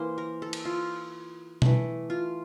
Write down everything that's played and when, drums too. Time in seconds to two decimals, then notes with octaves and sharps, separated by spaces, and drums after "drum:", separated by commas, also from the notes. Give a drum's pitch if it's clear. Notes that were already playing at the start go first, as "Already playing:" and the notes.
Already playing: E3 A#3 C5
0.18 A#4
0.42 A4
0.53 drum: cymbal
0.65 F4
1.62 E3 A3, drum: tom B2
2.10 F4